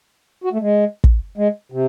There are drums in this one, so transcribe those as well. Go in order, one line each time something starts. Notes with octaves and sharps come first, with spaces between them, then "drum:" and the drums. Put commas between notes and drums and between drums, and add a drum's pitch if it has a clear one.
F#4
A3
G#3
drum: kick
G#3
C3